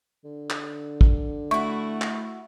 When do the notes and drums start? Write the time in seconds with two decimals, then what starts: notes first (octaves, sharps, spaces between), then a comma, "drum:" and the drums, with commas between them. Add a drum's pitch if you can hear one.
0.24 D3
0.50 drum: clap
1.01 drum: kick
1.51 A3 E4 F#4 C#6
2.02 drum: clap